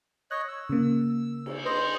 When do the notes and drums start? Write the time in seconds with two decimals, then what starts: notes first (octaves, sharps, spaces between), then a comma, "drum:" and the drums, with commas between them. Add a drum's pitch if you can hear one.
0.31 C#5 D#5 F#6
0.48 E6
0.69 C#3 A#3
1.46 drum: cymbal
1.65 B4 C5 D#5